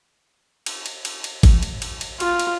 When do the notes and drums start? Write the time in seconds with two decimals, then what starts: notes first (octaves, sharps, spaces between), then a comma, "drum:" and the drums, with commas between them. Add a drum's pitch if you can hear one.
0.66 drum: cymbal
0.86 drum: cymbal
1.05 drum: cymbal
1.24 drum: cymbal
1.43 drum: kick G#1, cymbal
1.63 drum: cymbal
1.82 drum: cymbal
2.01 drum: cymbal
2.20 F4, drum: cymbal
2.39 drum: cymbal